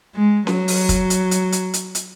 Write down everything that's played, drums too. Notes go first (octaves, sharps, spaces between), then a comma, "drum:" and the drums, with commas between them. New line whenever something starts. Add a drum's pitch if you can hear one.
G#3
F#3, drum: snare C#4
drum: open hi-hat
drum: kick, hi-hat
drum: hi-hat
drum: hi-hat
drum: hi-hat
drum: hi-hat
drum: hi-hat